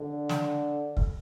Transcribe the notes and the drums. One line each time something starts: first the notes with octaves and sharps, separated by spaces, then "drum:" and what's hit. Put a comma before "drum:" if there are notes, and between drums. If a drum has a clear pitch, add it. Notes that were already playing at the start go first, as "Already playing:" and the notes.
Already playing: D3
drum: snare
drum: kick